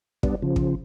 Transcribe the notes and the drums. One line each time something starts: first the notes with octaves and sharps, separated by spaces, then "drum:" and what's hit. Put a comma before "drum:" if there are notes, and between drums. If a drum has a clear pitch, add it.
G3 B3 D4, drum: kick
C#3 F3
drum: kick